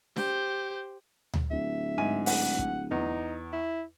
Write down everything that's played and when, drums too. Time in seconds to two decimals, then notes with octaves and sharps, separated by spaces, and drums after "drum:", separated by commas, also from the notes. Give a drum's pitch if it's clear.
0.16 G4 C5, drum: snare
1.34 drum: tom D2
1.51 D1 E5
1.98 G#2 G#5 D#7
2.26 F#5, drum: open hi-hat
2.59 drum: kick
2.91 E2 D#4
3.53 E4